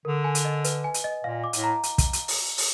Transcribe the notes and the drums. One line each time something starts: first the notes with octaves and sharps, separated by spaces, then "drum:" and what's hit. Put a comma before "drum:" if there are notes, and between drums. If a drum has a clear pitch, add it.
D3 A#4
G#5
drum: hi-hat
D#5
B4, drum: hi-hat
G#5
drum: hi-hat
D#5
A#2 F5
D6
A2, drum: hi-hat
A#5
drum: hi-hat
drum: kick, hi-hat
drum: hi-hat
drum: open hi-hat
drum: open hi-hat